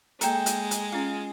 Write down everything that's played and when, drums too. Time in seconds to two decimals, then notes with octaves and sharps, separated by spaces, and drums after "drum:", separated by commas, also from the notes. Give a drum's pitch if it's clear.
0.21 G#3 A#3 A4 G5 A#5, drum: hi-hat
0.46 drum: hi-hat
0.71 drum: hi-hat
0.92 C#4 F4 F5